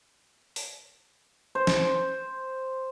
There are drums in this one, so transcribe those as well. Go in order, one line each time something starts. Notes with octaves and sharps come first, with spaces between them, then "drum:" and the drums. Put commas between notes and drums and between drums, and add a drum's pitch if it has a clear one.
drum: open hi-hat
C5
drum: snare